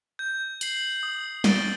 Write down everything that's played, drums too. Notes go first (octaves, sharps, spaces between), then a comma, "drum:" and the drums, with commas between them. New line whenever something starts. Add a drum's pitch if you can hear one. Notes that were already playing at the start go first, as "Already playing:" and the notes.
G6
C7 F#7, drum: hi-hat
D#6
A6 D7 G7, drum: snare